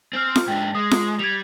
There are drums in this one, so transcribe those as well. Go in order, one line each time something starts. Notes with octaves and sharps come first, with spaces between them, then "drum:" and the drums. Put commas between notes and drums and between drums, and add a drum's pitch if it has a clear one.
C4 G#5 F6
drum: snare F4
G#2 D4 G5
G#3 D#6
drum: snare F4
G3 G#6 F7